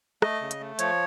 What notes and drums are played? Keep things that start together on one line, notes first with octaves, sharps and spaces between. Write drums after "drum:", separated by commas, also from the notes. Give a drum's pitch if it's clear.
A3 D#5, drum: rim click
C#3
drum: hi-hat
A3
F3 C#5, drum: hi-hat